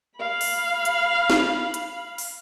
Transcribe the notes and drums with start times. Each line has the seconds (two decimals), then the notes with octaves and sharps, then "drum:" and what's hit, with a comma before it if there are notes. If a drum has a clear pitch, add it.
0.19 F5 B5
0.41 drum: open hi-hat
0.85 drum: hi-hat
1.30 drum: snare
1.74 drum: hi-hat
2.18 drum: open hi-hat